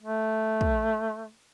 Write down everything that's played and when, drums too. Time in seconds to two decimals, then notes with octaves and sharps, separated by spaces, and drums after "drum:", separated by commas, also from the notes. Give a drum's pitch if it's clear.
0.03 A3
0.61 drum: kick